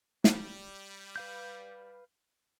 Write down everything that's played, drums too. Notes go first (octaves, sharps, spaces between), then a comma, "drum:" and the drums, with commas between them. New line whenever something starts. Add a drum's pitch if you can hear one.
G3, drum: snare
B4 F5 G6